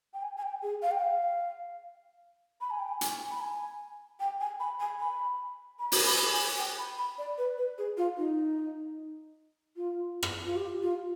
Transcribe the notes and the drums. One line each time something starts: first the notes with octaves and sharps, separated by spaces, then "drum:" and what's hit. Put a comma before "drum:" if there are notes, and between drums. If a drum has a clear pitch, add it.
G5
G#5
G#5
G5
G#4
F5
G5
F5
B5
G#5
G5
G#5
G#5, drum: hi-hat
B5
G#5
G5
G#5
B5
G#5
B5
B5
drum: open hi-hat
B5
G#5
G5
B5
B5
D5
B4
B4
G#4
F4
D#4
F4
drum: rim click
F4
G4
F4